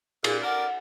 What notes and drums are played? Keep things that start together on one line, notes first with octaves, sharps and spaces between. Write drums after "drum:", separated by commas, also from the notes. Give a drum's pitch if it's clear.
A#2 G#4, drum: cymbal
A#4 D5 F#5